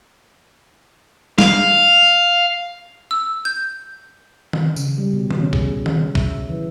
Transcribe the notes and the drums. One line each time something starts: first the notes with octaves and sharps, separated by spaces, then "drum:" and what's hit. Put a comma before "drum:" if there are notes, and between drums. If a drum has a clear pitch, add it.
F5, drum: snare
E6
G6
drum: tom D#3
C#3, drum: tambourine
G3
B2
drum: tom D#3
C#4
G#4, drum: kick
C#4, drum: tom D#3
E5, drum: kick
E3